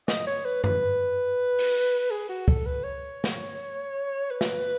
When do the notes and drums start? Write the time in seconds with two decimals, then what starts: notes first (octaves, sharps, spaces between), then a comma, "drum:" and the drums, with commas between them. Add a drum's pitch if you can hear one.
0.08 D#5, drum: snare
0.27 C#5
0.45 B4
0.64 B4, drum: tom F#2
1.59 drum: open hi-hat
2.10 G#4
2.29 F#4
2.48 A4, drum: kick C#2
2.66 B4
2.84 C#5
3.24 drum: snare
4.31 B4
4.41 drum: snare